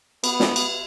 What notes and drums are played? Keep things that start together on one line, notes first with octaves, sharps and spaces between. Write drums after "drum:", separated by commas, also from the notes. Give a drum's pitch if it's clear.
B3, drum: cymbal
drum: snare
drum: cymbal